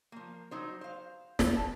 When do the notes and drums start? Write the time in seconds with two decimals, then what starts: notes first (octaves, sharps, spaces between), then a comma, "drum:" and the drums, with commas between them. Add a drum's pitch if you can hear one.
0.12 F3 A#3
0.51 F#3 D#4 C5
0.81 C5 F5
1.39 drum: snare
1.57 A5